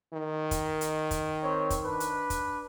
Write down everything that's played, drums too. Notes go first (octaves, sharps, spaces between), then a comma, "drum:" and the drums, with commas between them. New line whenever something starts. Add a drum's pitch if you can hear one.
D#3
drum: kick, hi-hat
drum: hi-hat
drum: kick, hi-hat
C4 C#5
drum: kick, hi-hat
D4 B4
drum: hi-hat
drum: kick, hi-hat